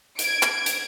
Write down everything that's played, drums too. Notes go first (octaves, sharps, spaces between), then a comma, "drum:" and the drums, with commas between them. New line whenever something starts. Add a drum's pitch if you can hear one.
G#6 D7, drum: hi-hat
drum: clap
drum: hi-hat